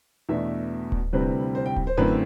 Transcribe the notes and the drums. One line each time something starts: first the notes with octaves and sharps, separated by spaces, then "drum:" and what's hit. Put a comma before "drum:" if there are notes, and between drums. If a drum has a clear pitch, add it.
E2 B2 A3 D4 E5
drum: kick D1
D2 C3 G3 C4 E4 B4
C5
G5
drum: kick D1
C5
F#2 D3 A3 C4 E4 B4